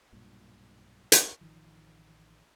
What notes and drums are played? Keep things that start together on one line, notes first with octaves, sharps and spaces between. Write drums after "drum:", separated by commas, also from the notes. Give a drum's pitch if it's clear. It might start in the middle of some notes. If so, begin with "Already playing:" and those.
B1 G2 A#2
drum: hi-hat
A1 D#3 F3